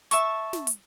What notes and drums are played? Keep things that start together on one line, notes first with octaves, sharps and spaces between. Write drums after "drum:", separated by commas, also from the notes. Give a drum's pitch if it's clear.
E5 A5 C#6, drum: hi-hat
drum: snare
drum: hi-hat